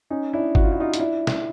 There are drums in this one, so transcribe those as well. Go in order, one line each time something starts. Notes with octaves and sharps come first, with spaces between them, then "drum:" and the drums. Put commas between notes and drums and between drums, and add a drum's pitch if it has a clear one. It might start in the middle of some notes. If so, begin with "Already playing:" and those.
C#4 D#4
D4 E4
F#4, drum: kick
F4
E4
D#4 F4
F4, drum: hi-hat
D4 E4
drum: snare